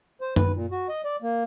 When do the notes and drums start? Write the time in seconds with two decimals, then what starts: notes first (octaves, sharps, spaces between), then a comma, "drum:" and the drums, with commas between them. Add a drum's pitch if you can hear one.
0.21 C5
0.36 B4, drum: tom F#2
0.54 A#2
0.71 F#4
0.89 D#5
1.04 D5
1.22 A#3